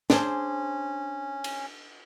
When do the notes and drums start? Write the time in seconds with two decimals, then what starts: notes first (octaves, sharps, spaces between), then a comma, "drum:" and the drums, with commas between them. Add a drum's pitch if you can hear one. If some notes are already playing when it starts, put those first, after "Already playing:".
0.10 C#4 D4 G#4 C5, drum: snare
1.44 drum: cymbal